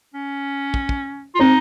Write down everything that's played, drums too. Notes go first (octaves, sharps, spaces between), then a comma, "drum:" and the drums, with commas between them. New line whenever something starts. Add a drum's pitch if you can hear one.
C#4
drum: kick
drum: kick
F4
C4 D#4